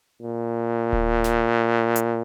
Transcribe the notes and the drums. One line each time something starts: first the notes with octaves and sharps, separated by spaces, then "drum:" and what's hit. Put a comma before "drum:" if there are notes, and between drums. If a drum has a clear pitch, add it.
A#2
drum: kick D1
drum: snare
drum: hi-hat